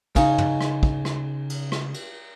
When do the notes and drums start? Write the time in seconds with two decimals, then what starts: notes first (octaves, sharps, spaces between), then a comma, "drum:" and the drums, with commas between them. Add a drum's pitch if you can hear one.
0.16 C#3 D#4, drum: kick, cymbal
0.38 drum: tom
0.61 drum: rim click
0.83 drum: kick
1.05 drum: rim click
1.50 drum: cymbal
1.72 drum: rim click
1.94 drum: cymbal